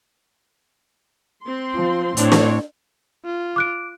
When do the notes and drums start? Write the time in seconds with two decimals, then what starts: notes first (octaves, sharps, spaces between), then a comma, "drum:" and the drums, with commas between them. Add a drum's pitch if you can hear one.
1.43 C4 C6
1.76 F3
2.17 A2 C4 D4 C#5, drum: hi-hat
2.32 drum: snare
3.25 F4
3.56 D6 F#6 D7